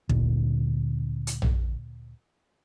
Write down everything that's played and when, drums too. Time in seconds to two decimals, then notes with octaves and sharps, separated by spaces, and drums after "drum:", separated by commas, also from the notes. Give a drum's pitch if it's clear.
0.09 D2 A#2 D3, drum: kick
1.27 drum: hi-hat
1.42 drum: tom A#1